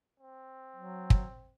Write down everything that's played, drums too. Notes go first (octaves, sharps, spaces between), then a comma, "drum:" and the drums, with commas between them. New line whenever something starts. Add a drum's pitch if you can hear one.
C4
F#3
drum: kick